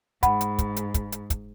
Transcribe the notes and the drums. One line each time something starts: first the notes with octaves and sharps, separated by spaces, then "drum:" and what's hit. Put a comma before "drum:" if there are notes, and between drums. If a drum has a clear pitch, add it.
G#2 F#5 B5, drum: kick, hi-hat
drum: hi-hat
drum: kick, hi-hat
drum: hi-hat
drum: kick, hi-hat
drum: hi-hat
drum: kick, hi-hat